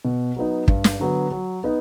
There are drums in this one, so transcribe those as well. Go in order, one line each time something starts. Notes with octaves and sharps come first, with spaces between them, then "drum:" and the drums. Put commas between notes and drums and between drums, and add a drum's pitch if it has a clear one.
B2
F#3 B3 D#4
G2, drum: kick
drum: snare
D3 F#3 B3
F#3
B3 D#4